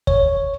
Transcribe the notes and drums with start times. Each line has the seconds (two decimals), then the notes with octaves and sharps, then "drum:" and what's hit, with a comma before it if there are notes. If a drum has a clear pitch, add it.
0.07 C#5, drum: kick